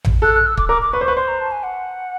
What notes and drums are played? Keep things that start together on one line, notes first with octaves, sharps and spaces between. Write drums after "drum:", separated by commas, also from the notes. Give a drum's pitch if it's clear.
drum: tom A1
A4 F#6
F#6
E6
D6, drum: kick
A#4 D6
D6
B4 C#6
C5
B4 C#6
C5 C6
A#5
A5
G#5
F#5